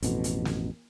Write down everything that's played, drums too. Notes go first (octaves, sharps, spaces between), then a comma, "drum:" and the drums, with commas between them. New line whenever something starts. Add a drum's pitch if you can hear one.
A1 F2 B2, drum: hi-hat
drum: hi-hat
drum: snare